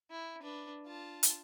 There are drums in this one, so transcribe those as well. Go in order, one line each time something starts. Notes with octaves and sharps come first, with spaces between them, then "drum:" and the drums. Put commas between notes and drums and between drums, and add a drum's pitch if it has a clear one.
E4
D4 B4
F4 A5
drum: hi-hat